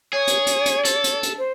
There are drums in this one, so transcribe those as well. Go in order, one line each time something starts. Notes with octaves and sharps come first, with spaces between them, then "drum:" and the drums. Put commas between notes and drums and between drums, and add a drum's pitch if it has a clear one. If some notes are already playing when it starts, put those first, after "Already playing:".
G#4 C#5
drum: hi-hat
drum: hi-hat
drum: hi-hat
A4, drum: hi-hat
drum: hi-hat
drum: hi-hat
C5